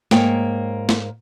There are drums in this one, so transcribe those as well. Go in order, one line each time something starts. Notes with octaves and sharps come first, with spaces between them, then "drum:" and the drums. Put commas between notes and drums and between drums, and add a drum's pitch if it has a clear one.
G#2 A#3 C#5 G5, drum: snare
drum: snare